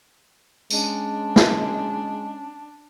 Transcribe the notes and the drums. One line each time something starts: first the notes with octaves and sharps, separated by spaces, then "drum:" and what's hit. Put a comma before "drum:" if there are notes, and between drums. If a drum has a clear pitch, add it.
G#3 C#4 D4, drum: tambourine
drum: snare